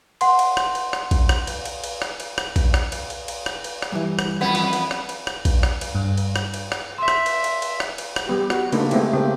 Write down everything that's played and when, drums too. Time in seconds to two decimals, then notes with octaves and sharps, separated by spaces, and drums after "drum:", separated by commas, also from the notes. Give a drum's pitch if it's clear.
0.21 F#5 C6, drum: cymbal
0.39 drum: cymbal
0.57 drum: rim click
0.75 drum: cymbal
0.93 drum: rim click
1.11 drum: kick A#1, cymbal
1.29 drum: rim click
1.47 drum: cymbal
1.65 drum: cymbal
1.84 drum: cymbal
2.02 drum: rim click
2.20 drum: cymbal
2.38 drum: rim click
2.56 drum: kick A#1, cymbal
2.74 drum: rim click
2.92 drum: cymbal
3.10 drum: cymbal
3.28 drum: cymbal
3.46 drum: rim click
3.64 drum: cymbal
3.82 drum: rim click
3.92 G2 E3
4.19 drum: rim click
4.41 F2 B3
4.55 drum: cymbal
4.73 drum: cymbal
4.91 drum: rim click
5.09 drum: cymbal
5.27 drum: rim click
5.45 drum: kick A#1, cymbal
5.63 drum: rim click
5.81 drum: cymbal
5.95 G2
6.17 drum: cymbal
6.36 drum: rim click
6.54 drum: cymbal
6.72 drum: rim click
6.98 E5 C6
7.08 drum: rim click
7.26 drum: cymbal
7.44 drum: cymbal
7.62 drum: cymbal
7.80 drum: rim click
7.98 drum: cymbal
8.16 drum: rim click
8.27 G3 B3 G4
8.50 F#4, drum: rim click
8.72 C#3 A3 A#3 D4 D#4 B4, drum: cymbal
8.91 G#3 A3 B3 C4 E4 G4, drum: cymbal
9.13 C#3 A#3 C4 G4